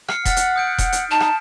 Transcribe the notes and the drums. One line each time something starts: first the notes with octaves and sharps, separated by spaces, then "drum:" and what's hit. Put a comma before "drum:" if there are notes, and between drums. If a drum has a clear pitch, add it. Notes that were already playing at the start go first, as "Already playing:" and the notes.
F6 C7 C#7, drum: rim click
F#5 F6 A6 B6, drum: kick E1, hi-hat
drum: hi-hat
D#6 G6 D7
drum: kick E1, hi-hat
drum: hi-hat
D#4 A5
drum: rim click